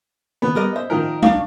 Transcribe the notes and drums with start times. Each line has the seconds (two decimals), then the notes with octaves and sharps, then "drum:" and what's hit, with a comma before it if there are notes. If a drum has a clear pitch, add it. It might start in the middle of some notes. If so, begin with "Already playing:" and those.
0.42 D3 D#3 A#3 B3
0.55 G3 G4 A#4 D#5
0.76 C5 D#5 E5
0.90 D#3 F3 A#4
1.23 C2 D4 F5 C#6, drum: tom G#3